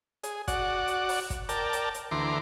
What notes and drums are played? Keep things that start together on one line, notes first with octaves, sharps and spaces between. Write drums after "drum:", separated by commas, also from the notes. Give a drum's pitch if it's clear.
G#4, drum: hi-hat
F#4 D5 F#5, drum: kick, hi-hat
drum: hi-hat
drum: open hi-hat
drum: kick, hi-hat
A#4 D5 G5 A5, drum: hi-hat
drum: hi-hat
drum: hi-hat
D2 E3 A#5 C6 D6